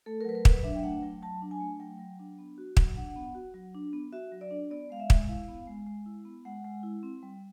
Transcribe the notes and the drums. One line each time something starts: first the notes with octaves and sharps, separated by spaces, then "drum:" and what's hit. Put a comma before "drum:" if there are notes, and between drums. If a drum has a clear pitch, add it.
A3 A4
A#4
F#3 B4
A#4
F#3 B4, drum: kick
D4 E5
G5
A3 F#5
F#3 G5
F#3 A5
D4
G#5
A3
F#3 G5
F#3
D4
B3
F#4
F#3, drum: kick
D4 F#5
B3
F#4
F#3
D4
B3
F#4 E5
F#3
D5
D4
B3 D5
G#3 F5
E5
G#3, drum: kick
E4 F5
B3
G#3
G#3
E4
B3
G#3 F#5
G#3
E4
C4
G3